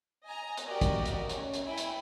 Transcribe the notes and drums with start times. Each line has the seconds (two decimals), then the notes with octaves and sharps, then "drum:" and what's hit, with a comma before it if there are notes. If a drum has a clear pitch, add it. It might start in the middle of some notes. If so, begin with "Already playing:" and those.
0.25 D#5 G#5 A#5
0.57 drum: hi-hat
0.67 F#4 G4 A#4 D5 D#5
0.81 drum: kick, hi-hat
1.05 drum: hi-hat
1.30 C#4, drum: hi-hat
1.54 drum: hi-hat
1.64 E4 G5 G#5
1.78 drum: hi-hat